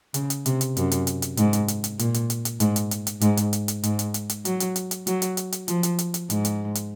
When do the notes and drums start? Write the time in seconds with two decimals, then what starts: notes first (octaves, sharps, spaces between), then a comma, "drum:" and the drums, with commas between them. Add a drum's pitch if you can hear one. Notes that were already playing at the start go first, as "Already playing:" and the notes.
0.14 C#3, drum: hi-hat
0.30 drum: hi-hat
0.46 C3, drum: hi-hat
0.61 drum: hi-hat
0.77 F#2, drum: hi-hat
0.91 drum: hi-hat
1.07 drum: hi-hat
1.22 drum: hi-hat
1.37 G#2, drum: hi-hat
1.53 drum: hi-hat
1.68 drum: hi-hat
1.84 drum: hi-hat
1.99 A#2, drum: hi-hat
2.14 drum: hi-hat
2.30 drum: hi-hat
2.45 drum: hi-hat
2.60 G#2, drum: hi-hat
2.76 drum: hi-hat
2.91 drum: hi-hat
3.07 drum: hi-hat
3.21 G#2, drum: hi-hat
3.37 drum: hi-hat
3.53 drum: hi-hat
3.68 drum: hi-hat
3.83 G#2, drum: hi-hat
3.99 drum: hi-hat
4.14 drum: hi-hat
4.30 drum: hi-hat
4.45 F#3, drum: hi-hat
4.60 drum: hi-hat
4.76 drum: hi-hat
4.91 drum: hi-hat
5.07 F#3, drum: hi-hat
5.22 drum: hi-hat
5.37 drum: hi-hat
5.52 drum: hi-hat
5.68 F3, drum: hi-hat
5.83 drum: hi-hat
5.99 drum: hi-hat
6.14 drum: hi-hat
6.30 G#2, drum: hi-hat
6.45 drum: hi-hat
6.75 drum: hi-hat